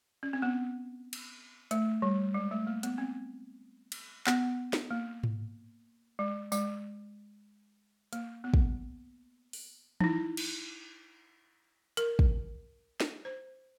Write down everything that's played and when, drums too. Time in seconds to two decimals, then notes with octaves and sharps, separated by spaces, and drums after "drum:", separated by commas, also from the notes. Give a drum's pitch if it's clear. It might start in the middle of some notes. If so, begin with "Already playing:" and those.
0.23 C#4
0.33 C4
0.42 B3
1.13 drum: cymbal
1.71 A3, drum: hi-hat
2.02 G3
2.34 G#3
2.51 A3
2.67 A#3
2.83 B3, drum: hi-hat
2.98 C4
3.92 drum: cymbal
4.27 B3, drum: clap
4.73 drum: snare
4.91 A#3
5.23 drum: tom G#2
6.19 G#3
6.52 G#3, drum: tambourine
8.13 A#3, drum: hi-hat
8.44 B3
8.54 drum: kick
9.53 drum: open hi-hat
10.00 D#4, drum: tom E3
10.04 E4
10.37 drum: cymbal
11.97 A#4, drum: hi-hat
12.19 drum: kick
13.00 drum: snare
13.25 C5